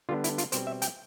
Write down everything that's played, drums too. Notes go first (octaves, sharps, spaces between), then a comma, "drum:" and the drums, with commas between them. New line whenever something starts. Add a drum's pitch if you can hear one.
D3 G3 B3 D4 F4
E4, drum: hi-hat
F4, drum: hi-hat
B2 G3 C4 C5, drum: hi-hat
E5
G5, drum: hi-hat